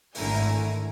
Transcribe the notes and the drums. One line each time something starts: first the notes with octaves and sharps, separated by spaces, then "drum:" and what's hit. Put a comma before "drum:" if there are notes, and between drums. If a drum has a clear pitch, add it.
G#1 D3 A3 E4 A#4 G#5, drum: open hi-hat